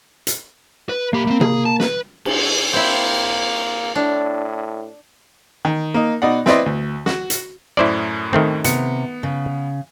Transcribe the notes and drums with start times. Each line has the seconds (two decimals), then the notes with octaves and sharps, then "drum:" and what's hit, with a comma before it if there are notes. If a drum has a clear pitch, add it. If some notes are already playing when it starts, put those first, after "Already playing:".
0.27 drum: hi-hat
0.89 B4
1.13 B1 A#3 G4 B5
1.27 A3 C4
1.41 G#4, drum: tom C3
1.65 A5
1.80 B4, drum: snare
2.25 drum: cymbal
2.73 A#3 C4 E4
3.95 A2 D4
5.65 D#3
5.94 A#3 D#4
6.22 B2 D#4 D5 F#5
6.46 C4 E4 B4 D5 D#5 C6, drum: snare
6.66 D2
7.06 F#4, drum: snare
7.30 drum: hi-hat
7.77 F#2 A2 E4 C5 D5
8.33 D#3 A3 C4
8.64 C3 B3 C#7, drum: hi-hat
9.23 C#3